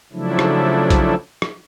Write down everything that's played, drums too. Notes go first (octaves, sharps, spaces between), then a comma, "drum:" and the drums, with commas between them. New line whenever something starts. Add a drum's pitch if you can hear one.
C#3 F3 F#3 A3 D4 E4
drum: rim click
drum: kick A#1, hi-hat
drum: rim click